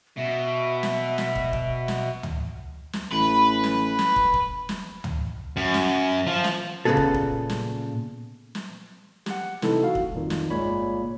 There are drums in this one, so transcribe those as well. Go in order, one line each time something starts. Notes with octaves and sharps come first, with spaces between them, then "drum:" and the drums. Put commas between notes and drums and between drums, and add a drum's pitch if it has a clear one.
B2 E5
drum: snare
drum: snare
drum: kick
drum: kick
drum: snare
drum: tom
drum: snare
A1 B4
drum: snare
drum: snare
drum: kick
drum: kick
drum: snare
drum: tom
F#2
drum: snare
F3
drum: snare
A#2 C#3 A3 B3 G#4 A4
drum: kick
drum: kick
drum: snare
drum: snare
G4 F#5, drum: snare
C3 E3 A3 D#4 E4 A4, drum: snare
F#4 F5
drum: kick
C2 F2 A#2 D#3
drum: snare
G1 A#2 G#3 A#3 C#5 B5